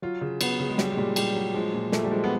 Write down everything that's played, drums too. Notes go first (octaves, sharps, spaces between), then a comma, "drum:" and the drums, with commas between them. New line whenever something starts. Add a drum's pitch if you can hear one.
F#3 F4
C#3
F#3 B3, drum: cymbal
C#3
G#3
F#3 G3, drum: snare
G#3
A#2 G3
A#2 G3, drum: cymbal
F#3
F3 G#3
A#2
A#2 A3, drum: snare
G3
F3 G#3
B3